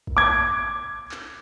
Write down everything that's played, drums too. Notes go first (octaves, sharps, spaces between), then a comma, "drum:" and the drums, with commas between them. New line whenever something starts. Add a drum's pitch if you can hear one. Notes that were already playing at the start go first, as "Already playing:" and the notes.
drum: kick
D6 G#6
drum: clap